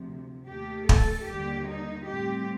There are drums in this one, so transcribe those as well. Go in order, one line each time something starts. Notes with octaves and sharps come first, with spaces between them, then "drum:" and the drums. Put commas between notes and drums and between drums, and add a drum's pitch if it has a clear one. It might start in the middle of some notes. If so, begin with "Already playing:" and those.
Already playing: D2 C3 F3
D#2 D#3 A3 G4
A4, drum: kick
D#2 D3 G3 A#3 G4
D#4
A2 G3 C4 G4